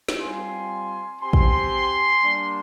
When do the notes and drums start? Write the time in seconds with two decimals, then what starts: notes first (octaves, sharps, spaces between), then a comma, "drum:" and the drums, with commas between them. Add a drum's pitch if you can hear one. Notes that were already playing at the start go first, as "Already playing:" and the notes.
0.09 drum: snare
0.21 G3 C4 F4 G#5 C6
1.21 C4 G4 G#5 C6
1.33 drum: kick
2.22 G3 A#3 D4